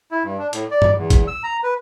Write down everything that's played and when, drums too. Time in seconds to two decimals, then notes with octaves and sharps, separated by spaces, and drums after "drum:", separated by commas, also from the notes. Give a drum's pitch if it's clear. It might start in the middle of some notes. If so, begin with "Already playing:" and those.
0.11 E4
0.24 G2
0.39 D4
0.53 A2, drum: hi-hat
0.71 D5
0.82 drum: tom G2
0.96 E2
1.10 drum: kick, hi-hat
1.27 E6
1.43 A#5
1.63 B4